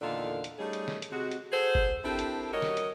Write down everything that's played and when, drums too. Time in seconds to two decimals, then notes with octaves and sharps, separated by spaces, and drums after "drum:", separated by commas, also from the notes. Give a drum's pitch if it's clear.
0.01 E2 A#2 D3 D#3 A4 F5
0.44 drum: hi-hat
0.58 G3 A3 C#4 D#4 G#4
0.73 drum: hi-hat
0.88 drum: snare
1.02 drum: hi-hat
1.12 C3 G#3 F#4
1.31 drum: hi-hat
1.52 F#4 G#4 A4 C5
1.75 drum: kick G1
2.04 C4 D4 E4 G4 A4 A#4
2.19 drum: hi-hat
2.53 G3 F#4 A#4 C#5 D#5
2.62 drum: snare
2.77 drum: hi-hat